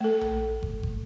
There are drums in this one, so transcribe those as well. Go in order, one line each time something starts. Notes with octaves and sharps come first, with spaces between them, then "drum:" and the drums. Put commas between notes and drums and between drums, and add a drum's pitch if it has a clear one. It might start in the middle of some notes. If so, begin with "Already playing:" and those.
A3 A4
drum: tom A#1
drum: kick
drum: kick